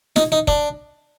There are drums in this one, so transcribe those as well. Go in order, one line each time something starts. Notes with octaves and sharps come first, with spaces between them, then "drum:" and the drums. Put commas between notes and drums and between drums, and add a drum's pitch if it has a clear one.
D#4, drum: snare
D#4
D4, drum: kick